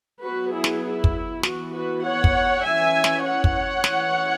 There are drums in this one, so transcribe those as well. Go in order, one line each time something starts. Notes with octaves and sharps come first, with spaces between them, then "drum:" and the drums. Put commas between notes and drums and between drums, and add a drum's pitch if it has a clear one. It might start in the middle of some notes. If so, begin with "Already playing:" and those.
F#3 B3 F#4 B4
E4 G#4
drum: snare
E4
drum: kick
E3 B3 F#4, drum: snare
F#4 B4
C#5 F#5
drum: kick
E3 C#4 E5 G#5
drum: snare
C#5 F#5
drum: kick
E3 C#4, drum: snare